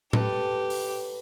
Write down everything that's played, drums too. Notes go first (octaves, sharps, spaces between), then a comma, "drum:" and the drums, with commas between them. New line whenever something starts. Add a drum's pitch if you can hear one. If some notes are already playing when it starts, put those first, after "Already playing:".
G4 A4 B4, drum: tom A2
drum: open hi-hat